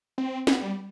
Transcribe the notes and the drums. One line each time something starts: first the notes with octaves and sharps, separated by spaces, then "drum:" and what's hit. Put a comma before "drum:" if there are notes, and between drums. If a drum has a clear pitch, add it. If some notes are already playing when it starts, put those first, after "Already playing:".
C4
B3, drum: snare
G3